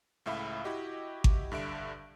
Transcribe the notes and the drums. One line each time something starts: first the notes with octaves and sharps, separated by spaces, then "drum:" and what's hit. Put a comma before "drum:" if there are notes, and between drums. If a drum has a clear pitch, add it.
C#2 A2 E5 F5 B5
E4 F#4 G4 D#5
drum: kick G#1
G2 D3 E5 D7